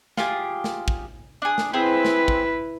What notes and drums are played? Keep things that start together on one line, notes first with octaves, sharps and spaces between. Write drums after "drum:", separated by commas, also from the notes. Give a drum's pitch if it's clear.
F4 G4 G#4, drum: snare
drum: snare
drum: kick
D4 G#4
drum: snare
C4 E4 G#4 B4 C5
drum: snare
drum: kick